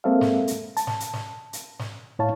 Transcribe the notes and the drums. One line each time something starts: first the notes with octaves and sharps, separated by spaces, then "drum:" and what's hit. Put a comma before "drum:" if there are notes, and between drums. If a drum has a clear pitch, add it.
G#3 A#3 C4 A4 E5 F5
drum: snare
drum: hi-hat
A5, drum: hi-hat
drum: snare
drum: hi-hat
drum: snare
drum: hi-hat
drum: snare
A2 E4 C#5 F5 A5